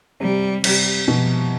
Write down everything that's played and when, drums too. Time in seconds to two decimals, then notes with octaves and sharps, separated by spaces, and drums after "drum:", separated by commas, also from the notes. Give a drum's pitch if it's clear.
0.20 C3 G3
0.64 C3 G3, drum: cymbal
1.08 B2 F3